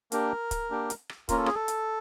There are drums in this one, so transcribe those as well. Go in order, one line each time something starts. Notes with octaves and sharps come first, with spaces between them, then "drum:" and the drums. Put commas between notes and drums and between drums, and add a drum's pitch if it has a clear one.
A#3 D4 G4 A#4, drum: hi-hat
drum: kick, hi-hat
A#3 D4 G4
drum: hi-hat
drum: rim click
A#3 C#4 F4 A#4, drum: kick, hi-hat
A4
G#4, drum: rim click
A4
drum: hi-hat